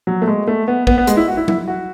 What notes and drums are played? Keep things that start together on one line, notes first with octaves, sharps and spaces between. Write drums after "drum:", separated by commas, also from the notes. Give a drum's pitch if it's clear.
F#3
A3
G#3
A3
B3
B3, drum: kick
B3
G#3, drum: hi-hat
E4
F#4
E4
E4, drum: tom F#3
F#4